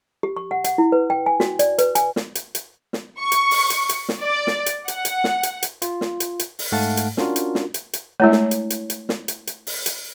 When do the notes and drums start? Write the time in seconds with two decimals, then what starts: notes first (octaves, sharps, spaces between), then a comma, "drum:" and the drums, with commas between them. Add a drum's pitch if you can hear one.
0.23 G4
0.37 C#6
0.51 F#5
0.64 F#5, drum: hi-hat
0.78 E4
0.92 B4
1.10 G5
1.26 G#5
1.40 F#4, drum: snare
1.59 D5, drum: hi-hat
1.78 B4, drum: hi-hat
1.95 G#5, drum: hi-hat
2.16 drum: snare
2.35 drum: hi-hat
2.55 drum: hi-hat
2.93 drum: snare
3.19 C#6
3.32 drum: hi-hat
3.51 drum: open hi-hat
3.70 drum: hi-hat
3.89 drum: hi-hat
4.09 drum: snare
4.21 D5
4.47 drum: snare
4.66 drum: hi-hat
4.88 F#5, drum: hi-hat
5.05 drum: hi-hat
5.24 drum: snare
5.43 drum: hi-hat
5.63 drum: hi-hat
5.82 F4, drum: hi-hat
6.01 drum: snare
6.20 drum: hi-hat
6.39 drum: hi-hat
6.59 drum: open hi-hat
6.72 G#2 A3 F5 F#5 A5
6.97 drum: hi-hat
7.17 C#4 D4 F4 F#4 A#4, drum: snare
7.36 drum: hi-hat
7.55 drum: snare
7.74 drum: hi-hat
7.93 drum: hi-hat
8.20 G#3 A3 D4 E4 C#5
8.32 drum: snare
8.51 drum: hi-hat
8.70 drum: hi-hat
8.90 drum: hi-hat
9.09 drum: snare
9.28 drum: hi-hat
9.47 drum: hi-hat
9.67 drum: open hi-hat
9.86 drum: hi-hat